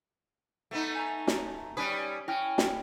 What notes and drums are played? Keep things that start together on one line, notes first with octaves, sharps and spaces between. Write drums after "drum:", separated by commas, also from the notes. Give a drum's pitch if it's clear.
A3 B3 D#4
G#5 A#5
drum: snare
G3 C#4 B4 D#6
C#4 E4 G5 F6
drum: snare